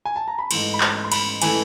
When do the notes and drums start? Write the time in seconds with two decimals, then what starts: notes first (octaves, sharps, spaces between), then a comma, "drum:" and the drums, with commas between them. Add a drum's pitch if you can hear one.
0.05 G#5
0.16 A5
0.28 A#5
0.39 B5
0.51 G#2 E3 A3 C6, drum: cymbal
0.74 B5
0.80 C6, drum: clap
1.05 C6
1.12 B5, drum: cymbal
1.42 E3 A3 G#5, drum: cymbal